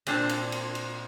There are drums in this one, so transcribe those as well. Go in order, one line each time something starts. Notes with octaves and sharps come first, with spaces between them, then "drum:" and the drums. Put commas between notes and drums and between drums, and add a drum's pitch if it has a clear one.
A#2 C4 D4 C5 A5, drum: cymbal
drum: cymbal
drum: cymbal
drum: cymbal